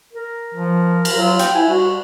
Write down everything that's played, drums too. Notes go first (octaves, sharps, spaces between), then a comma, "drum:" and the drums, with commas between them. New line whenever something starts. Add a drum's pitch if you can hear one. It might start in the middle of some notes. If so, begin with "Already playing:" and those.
A#4
F3
drum: cymbal
F#3 F4
G5, drum: hi-hat
E4 G#5
G3 F#4